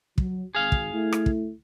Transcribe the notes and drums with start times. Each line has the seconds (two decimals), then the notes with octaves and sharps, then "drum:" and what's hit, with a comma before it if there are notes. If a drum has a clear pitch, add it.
0.18 F#3, drum: kick
0.55 G#1 G#4 F5
0.72 drum: kick
0.92 A3 E4
1.12 drum: rim click
1.26 drum: kick